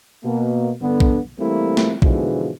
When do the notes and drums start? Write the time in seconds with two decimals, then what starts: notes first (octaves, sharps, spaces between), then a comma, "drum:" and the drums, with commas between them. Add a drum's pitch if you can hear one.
0.24 B2 A#3
0.82 G2 D3 B3
1.00 drum: kick
1.39 E3 G3 A3 A#3 C4 E4
1.77 drum: snare
2.02 G#2 B2 D3 E3 F3 G#3, drum: kick